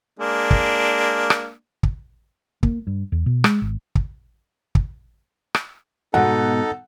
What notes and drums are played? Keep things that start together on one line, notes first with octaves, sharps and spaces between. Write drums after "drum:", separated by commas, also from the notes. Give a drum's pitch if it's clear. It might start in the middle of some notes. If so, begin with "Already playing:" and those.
G#3 A#3 D4
drum: kick
drum: rim click
drum: kick
A#3, drum: kick
G2
E2
B2
G#3, drum: rim click
G#1
drum: kick
drum: kick
drum: rim click
G#2 B2 D#4 A4 F#5